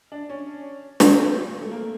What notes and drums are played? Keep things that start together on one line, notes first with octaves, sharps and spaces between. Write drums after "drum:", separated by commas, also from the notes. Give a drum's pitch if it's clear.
D4
C#4
C4, drum: snare
A3
A#3